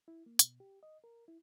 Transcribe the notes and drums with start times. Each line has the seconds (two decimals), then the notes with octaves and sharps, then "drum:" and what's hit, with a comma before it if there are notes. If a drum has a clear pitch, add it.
0.08 E4
0.26 A#3
0.39 B2, drum: hi-hat
0.60 G4
0.83 D#5
1.04 A#4
1.28 E4